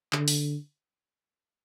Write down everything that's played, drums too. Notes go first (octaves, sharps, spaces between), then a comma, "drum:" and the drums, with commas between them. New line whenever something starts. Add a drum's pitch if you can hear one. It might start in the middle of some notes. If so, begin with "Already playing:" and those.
D3, drum: clap
drum: open hi-hat